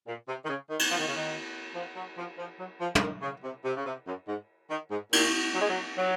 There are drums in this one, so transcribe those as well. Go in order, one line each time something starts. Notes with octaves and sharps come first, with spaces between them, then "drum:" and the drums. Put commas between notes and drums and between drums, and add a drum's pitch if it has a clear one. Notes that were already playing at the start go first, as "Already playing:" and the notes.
A#2
C3
D#3
C#3
D#3
drum: cymbal
F3
D#3
C#3
D#3
F3
F#3
F3
F3
F#3
F3
C#3, drum: tom
D#3
C#3
C3
C3
C#3
C3
F#2
G#2
D#3
G#2
A#2, drum: cymbal
F#3
G#3
F#3
F#3